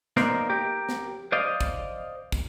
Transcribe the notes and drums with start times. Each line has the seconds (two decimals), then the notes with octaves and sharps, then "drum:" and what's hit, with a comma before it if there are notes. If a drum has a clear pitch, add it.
0.17 A#3 B3 D#4 A#4 C5 D5, drum: snare
0.50 G4 A#4
0.89 drum: snare
1.32 C5 D5 D#5 F5
1.61 drum: kick, tambourine
2.32 drum: kick, tambourine